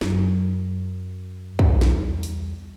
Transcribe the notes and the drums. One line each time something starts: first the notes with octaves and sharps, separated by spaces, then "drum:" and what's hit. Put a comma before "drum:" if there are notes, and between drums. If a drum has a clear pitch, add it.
F#2, drum: snare
drum: kick
E2 G3, drum: snare
drum: open hi-hat